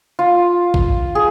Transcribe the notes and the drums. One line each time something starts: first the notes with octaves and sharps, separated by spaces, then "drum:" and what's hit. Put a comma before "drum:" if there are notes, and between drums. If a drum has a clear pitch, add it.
F4
drum: kick
G#4